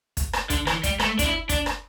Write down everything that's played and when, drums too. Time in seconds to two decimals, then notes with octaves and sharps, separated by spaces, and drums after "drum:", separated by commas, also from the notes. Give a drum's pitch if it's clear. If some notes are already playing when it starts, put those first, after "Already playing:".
0.17 drum: kick, hi-hat
0.33 drum: rim click
0.50 D3, drum: kick, hi-hat
0.67 E3, drum: rim click
0.83 G3, drum: kick, hi-hat
1.00 A3, drum: rim click
1.19 D4, drum: kick, hi-hat
1.25 E4
1.49 D4, drum: kick, hi-hat
1.66 drum: rim click